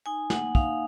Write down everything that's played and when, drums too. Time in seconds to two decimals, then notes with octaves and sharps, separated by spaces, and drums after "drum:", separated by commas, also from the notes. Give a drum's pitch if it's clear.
0.06 D#4 G#5
0.30 A#3 F#5, drum: snare
0.55 D#4 F5, drum: kick